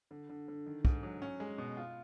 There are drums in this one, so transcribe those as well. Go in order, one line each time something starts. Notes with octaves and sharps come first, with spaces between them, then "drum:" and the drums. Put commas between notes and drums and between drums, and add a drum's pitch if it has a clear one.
D3
D3
D3
D#3
G#2, drum: kick
F#3
C#4
G#3
B2
F4